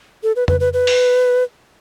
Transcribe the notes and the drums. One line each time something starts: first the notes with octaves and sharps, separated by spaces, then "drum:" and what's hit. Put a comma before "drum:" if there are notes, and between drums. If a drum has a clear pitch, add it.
A4
B4
B4, drum: tom F2
B4
B4
drum: open hi-hat